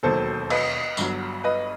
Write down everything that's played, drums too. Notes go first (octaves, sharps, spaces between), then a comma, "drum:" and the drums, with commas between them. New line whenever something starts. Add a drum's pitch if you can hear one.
E1 D#2 D#3 F#3 A4 C5
B4 D#5, drum: cymbal
G1 G2 F#3, drum: tambourine
B4 D#5